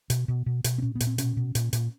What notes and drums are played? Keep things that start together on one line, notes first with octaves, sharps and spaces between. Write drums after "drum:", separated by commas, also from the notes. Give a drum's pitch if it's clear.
B2, drum: hi-hat
B2
B2
B2, drum: hi-hat
C4
A#2 C#4
B3
A#2, drum: hi-hat
C4
B2 C#4, drum: hi-hat
B2
A#2, drum: hi-hat
A#2, drum: hi-hat